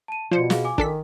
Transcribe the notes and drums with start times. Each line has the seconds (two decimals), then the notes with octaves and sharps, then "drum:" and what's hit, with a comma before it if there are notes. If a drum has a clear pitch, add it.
0.08 A5 D#7
0.31 B2 F3 F4 C5 D5 C#7
0.50 G#4 F5, drum: snare
0.64 G#5 D6
0.78 D#3 D4 A4 B6, drum: kick